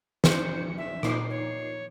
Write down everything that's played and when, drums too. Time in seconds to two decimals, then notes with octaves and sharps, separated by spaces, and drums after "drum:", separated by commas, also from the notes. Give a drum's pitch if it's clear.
0.24 C5 C#7, drum: snare
0.78 E5
1.03 A#2 D#4 C7, drum: rim click
1.30 C#5